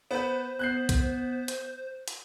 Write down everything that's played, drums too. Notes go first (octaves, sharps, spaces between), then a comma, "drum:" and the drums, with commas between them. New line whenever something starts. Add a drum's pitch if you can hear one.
B3 B4 C5
B3 F#6 G6 C7
drum: kick, hi-hat
drum: hi-hat
drum: hi-hat